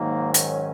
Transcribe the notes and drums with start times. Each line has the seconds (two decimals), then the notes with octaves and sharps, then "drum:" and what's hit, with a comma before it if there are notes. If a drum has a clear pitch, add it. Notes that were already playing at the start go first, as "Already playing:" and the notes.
Already playing: G#2 D#3 F#3 A#3
0.34 C#4, drum: hi-hat